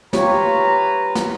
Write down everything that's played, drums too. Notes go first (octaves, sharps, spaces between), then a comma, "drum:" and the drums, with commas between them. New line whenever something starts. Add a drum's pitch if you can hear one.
F4 G4 B4 C#5 A#5, drum: snare
drum: snare